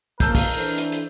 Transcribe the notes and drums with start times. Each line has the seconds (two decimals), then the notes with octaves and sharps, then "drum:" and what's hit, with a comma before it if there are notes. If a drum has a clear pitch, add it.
0.20 C#3 F3 A#3 A#4 A5 E6 G6, drum: kick, hi-hat
0.35 drum: kick, open hi-hat
0.57 E3 D4 A4 C5
0.78 drum: hi-hat
0.92 drum: hi-hat